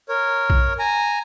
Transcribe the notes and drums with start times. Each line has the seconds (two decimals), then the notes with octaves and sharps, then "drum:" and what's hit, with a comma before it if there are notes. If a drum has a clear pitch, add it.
0.09 A#4 C#5
0.50 drum: kick A#1
0.79 G#5 A#5